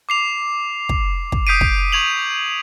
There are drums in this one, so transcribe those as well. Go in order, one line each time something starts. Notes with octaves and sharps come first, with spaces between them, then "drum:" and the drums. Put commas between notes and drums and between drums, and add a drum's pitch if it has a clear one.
D6 C7 F7
drum: kick
drum: kick
D#6 G6 B6 C7 D7 D#7
drum: kick
C#6 G#6 F7 F#7